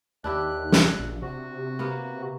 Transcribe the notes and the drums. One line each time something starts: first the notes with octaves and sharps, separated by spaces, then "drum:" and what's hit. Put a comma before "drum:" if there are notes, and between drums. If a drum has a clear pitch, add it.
D#2 D4 E4 G4 F#6
drum: snare
A#1
C3 F#4
A#3 B3